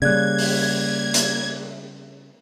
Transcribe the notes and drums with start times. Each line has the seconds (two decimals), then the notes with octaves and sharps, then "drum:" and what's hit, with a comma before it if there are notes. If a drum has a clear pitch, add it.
0.02 C#3 G3 A#3 D5 F#6 G#6
0.39 drum: open hi-hat
1.14 drum: hi-hat